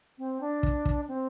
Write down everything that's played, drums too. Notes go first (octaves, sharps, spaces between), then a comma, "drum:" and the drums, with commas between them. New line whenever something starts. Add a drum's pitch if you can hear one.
C4
D4
drum: kick
drum: kick
C4